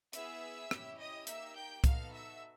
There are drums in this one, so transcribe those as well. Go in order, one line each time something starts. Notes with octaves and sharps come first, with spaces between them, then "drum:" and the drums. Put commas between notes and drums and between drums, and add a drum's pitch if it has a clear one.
B3 E4 G#4 E5 E6, drum: hi-hat
C#4 E4 G4, drum: rim click
D#5 D#6
A#3 D#4 G4 E5 E6, drum: hi-hat
G5 G6
B3 D#4 F#4 A4 F5 F6, drum: kick C2, hi-hat
E5 E6